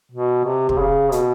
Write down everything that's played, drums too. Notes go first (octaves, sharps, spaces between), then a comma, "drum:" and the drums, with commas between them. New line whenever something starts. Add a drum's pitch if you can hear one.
B2
C3
C3, drum: kick
C#3
B2, drum: hi-hat